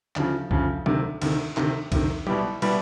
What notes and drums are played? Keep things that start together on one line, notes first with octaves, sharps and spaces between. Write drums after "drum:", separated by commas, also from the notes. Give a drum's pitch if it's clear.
D2 C#3 F3, drum: clap
D2 C#3 F3, drum: kick C2
D2 C3 D#3, drum: tom
D2 C3 D#3, drum: cymbal
D2 C3 D#3, drum: clap
D2 C3 D#3, drum: kick C2, cymbal
B2 G3 B3 E4 G4, drum: tom
B2 G3 B3 E4 G4, drum: cymbal